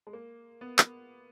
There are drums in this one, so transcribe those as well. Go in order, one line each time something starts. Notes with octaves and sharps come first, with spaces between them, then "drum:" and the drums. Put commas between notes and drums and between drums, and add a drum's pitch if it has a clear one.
G#3
A#3
B3
drum: clap